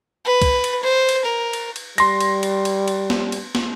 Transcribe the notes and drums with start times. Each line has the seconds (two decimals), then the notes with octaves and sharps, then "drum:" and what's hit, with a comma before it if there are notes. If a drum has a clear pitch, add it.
0.25 B4
0.42 drum: kick, cymbal
0.64 drum: cymbal
0.83 C5
1.09 drum: cymbal
1.25 A#4
1.53 drum: cymbal
1.76 drum: cymbal
1.98 G3 C6 A#6, drum: cymbal
2.20 drum: cymbal
2.43 drum: cymbal
2.65 drum: cymbal
2.88 drum: cymbal
3.10 drum: snare
3.32 drum: cymbal
3.55 drum: snare